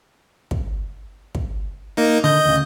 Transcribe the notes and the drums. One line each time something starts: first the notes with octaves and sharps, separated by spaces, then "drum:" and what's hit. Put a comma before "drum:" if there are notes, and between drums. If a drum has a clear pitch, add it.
drum: kick
drum: kick
A#3 D#4
D3 D#5 G6
D2 C#3